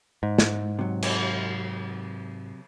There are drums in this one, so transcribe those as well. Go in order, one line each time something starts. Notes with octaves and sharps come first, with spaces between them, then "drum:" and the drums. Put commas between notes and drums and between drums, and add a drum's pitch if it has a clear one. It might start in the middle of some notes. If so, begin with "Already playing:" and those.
G#2
drum: snare
C3 F#3
drum: cymbal